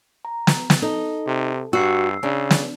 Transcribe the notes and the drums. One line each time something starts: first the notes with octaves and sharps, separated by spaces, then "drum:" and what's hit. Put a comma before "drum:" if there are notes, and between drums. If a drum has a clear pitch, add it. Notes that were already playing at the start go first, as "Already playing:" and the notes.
A#5
drum: snare
drum: snare
D#4 A4
C3
G2 F#4 E6 C7
C#3 D4
drum: snare